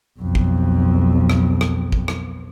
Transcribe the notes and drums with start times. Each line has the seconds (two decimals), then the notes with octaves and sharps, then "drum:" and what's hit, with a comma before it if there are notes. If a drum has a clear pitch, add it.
0.19 B1 F2
0.35 drum: kick
1.30 drum: rim click
1.61 drum: rim click
1.92 drum: kick
2.08 drum: rim click